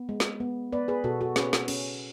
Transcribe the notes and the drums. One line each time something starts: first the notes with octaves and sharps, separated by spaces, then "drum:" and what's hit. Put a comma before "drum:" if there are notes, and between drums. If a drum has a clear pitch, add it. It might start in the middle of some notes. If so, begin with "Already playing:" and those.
Already playing: B3
G#3
drum: snare
B3
B3 B4 D5
G#4 B4
B2 F#4 A4
F#4 A4
C#4 G#4 B4, drum: snare
drum: snare
C#4, drum: cymbal